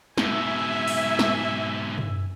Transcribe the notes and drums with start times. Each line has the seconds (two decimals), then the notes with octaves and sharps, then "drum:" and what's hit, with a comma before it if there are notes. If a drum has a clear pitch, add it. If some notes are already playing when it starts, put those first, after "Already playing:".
0.18 G#2 B2 E5 G#5, drum: snare
0.88 drum: open hi-hat
1.19 drum: snare
1.98 drum: tom